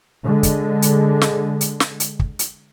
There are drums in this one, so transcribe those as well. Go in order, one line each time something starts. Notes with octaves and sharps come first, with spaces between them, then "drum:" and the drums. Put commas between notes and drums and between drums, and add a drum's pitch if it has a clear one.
D3 G#3
drum: kick, hi-hat
drum: hi-hat
drum: snare
drum: hi-hat
drum: snare
drum: hi-hat
drum: kick
drum: hi-hat